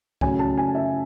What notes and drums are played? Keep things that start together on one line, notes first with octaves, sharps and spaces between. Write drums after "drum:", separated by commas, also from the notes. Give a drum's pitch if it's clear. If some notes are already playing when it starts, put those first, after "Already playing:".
C#3 F#3 A3 G#5, drum: kick C2
A5
G#5
E5